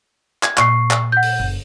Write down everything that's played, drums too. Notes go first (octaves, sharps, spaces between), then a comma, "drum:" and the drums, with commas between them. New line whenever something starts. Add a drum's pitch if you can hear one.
G#6, drum: clap
A#2 C#6 C7, drum: clap
drum: clap
F#5 G6
drum: open hi-hat
F#1